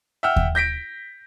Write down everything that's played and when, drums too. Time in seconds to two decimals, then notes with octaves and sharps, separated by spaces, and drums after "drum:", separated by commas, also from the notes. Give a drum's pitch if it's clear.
0.23 E5 F#5 G5 E6 F6
0.36 drum: kick D#2
0.55 G6 A#6 B6 D7